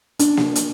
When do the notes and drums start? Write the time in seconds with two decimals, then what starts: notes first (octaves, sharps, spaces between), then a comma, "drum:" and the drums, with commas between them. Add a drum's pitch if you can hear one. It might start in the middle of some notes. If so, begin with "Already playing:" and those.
0.19 D4, drum: hi-hat
0.37 drum: snare A#3
0.56 drum: hi-hat